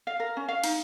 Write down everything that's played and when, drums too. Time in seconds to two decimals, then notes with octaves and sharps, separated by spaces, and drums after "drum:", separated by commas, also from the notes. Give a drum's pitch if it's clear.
0.07 F5
0.20 A#4
0.37 C#4
0.48 F5
0.64 D#4, drum: cymbal